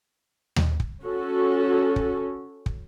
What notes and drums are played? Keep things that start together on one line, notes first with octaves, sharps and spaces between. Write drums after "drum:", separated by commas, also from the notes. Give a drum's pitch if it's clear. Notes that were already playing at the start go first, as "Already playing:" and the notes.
drum: tom D#2
drum: kick
C#4 F#4 A4
drum: kick
drum: kick